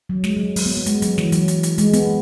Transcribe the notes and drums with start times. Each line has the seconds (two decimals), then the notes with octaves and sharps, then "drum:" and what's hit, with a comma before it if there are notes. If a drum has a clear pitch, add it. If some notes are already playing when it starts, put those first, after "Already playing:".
0.09 F#3
0.24 G#3, drum: snare
0.37 F#3
0.56 F#3, drum: open hi-hat
0.66 B3
0.77 B3
0.86 G#3, drum: hi-hat
1.02 F#3, drum: hi-hat
1.18 E3, drum: snare
1.32 F#3, drum: hi-hat
1.48 drum: hi-hat
1.63 drum: hi-hat
1.78 G#3, drum: hi-hat
1.93 B3, drum: hi-hat